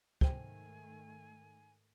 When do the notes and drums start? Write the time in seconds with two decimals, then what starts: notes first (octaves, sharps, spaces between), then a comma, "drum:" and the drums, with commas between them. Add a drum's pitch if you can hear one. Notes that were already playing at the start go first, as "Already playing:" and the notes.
0.21 G#2 D#3 A3 C5 G5 G#5, drum: kick